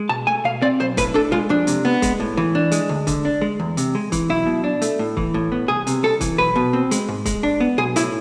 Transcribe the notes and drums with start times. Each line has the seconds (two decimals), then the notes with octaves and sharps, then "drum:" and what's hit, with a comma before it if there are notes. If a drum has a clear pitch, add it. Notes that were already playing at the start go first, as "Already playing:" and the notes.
Already playing: G#3
0.09 B2 A5
0.27 A3 G#5
0.44 B2 F5
0.62 C4 D5
0.80 B1 C5
0.97 A2 B4, drum: kick, hi-hat
1.14 D4 A4
1.32 G#3 F4
1.49 F2 D4
1.67 C3, drum: hi-hat
1.85 B3
2.02 G#3, drum: kick, hi-hat
2.20 A2
2.37 E3
2.55 D4
2.72 G#3, drum: hi-hat
2.89 D2
3.07 D3, drum: kick, hi-hat
3.25 D4
3.41 G#3
3.60 E2
3.77 C3, drum: hi-hat
3.95 G#3
4.12 E3, drum: kick, hi-hat
4.29 B1 E4
4.46 B2
4.64 D4
4.82 A3, drum: hi-hat
4.99 A2
5.17 E3, drum: kick
5.34 A2
5.52 B3
5.68 C2 G#4
5.87 C3, drum: hi-hat
6.03 C2 A4
6.21 E3, drum: kick, hi-hat
6.38 B1 B4
6.56 B2
6.73 C4
6.91 G#3, drum: hi-hat
7.08 G#2
7.26 G#3, drum: kick, hi-hat
7.43 D4
7.60 B3
7.78 B1 G#4
7.96 A2 E4, drum: hi-hat